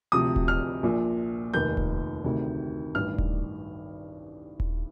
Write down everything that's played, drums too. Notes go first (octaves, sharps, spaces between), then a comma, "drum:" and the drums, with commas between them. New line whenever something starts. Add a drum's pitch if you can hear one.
D2 C3 F3 D#6
drum: kick D#1
F6
A#1 A#2 F3
F1 D#2 D#3 G6
drum: kick D#1
D2 C3 D#3
A1 G2 D#3 F6
drum: kick D#1
drum: kick D#1